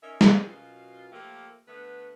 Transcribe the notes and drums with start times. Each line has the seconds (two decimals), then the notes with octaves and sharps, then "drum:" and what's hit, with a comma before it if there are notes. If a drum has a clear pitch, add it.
0.03 C#4 D#4 A#4 E5
0.21 C4 D#4 F4 G#4, drum: snare
0.49 F#2 B2 F4
1.12 F3 A3 A#3 G4
1.68 D3 A3 B3 B4